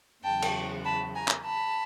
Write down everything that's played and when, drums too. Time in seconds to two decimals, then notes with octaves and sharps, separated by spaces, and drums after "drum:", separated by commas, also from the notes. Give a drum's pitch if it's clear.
0.24 E2 C#3 F#3 G5 A5
0.42 drum: cymbal
0.84 A5 B5
1.15 G#5 A#5
1.28 drum: clap
1.46 A5 B5